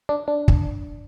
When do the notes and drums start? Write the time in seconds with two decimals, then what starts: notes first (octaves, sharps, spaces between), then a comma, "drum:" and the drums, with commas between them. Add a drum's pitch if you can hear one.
0.09 D4
0.28 D4
0.48 drum: kick